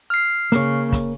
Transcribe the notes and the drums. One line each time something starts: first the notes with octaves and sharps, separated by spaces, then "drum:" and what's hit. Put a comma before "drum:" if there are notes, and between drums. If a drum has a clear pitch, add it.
F6 C7
C#3 A#3 C#5, drum: hi-hat
drum: kick, hi-hat